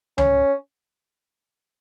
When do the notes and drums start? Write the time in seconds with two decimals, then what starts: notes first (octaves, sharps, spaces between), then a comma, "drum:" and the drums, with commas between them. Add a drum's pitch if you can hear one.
0.18 C#4, drum: tom C#2